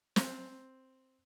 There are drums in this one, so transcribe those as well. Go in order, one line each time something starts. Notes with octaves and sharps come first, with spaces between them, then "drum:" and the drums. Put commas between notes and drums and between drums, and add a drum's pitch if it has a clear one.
C4, drum: snare